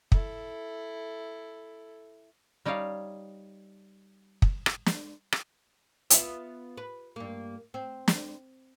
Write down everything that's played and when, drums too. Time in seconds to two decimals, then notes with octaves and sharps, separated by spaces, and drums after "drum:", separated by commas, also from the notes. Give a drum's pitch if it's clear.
0.12 E4 A4, drum: kick
2.65 G3 D#4 C#5 D5 F5
4.42 drum: kick
4.66 drum: rim click
4.86 drum: snare
5.32 drum: rim click
6.10 B3 F4 E5, drum: hi-hat
6.77 B4
7.16 G2 A#3
7.74 C4
8.08 drum: snare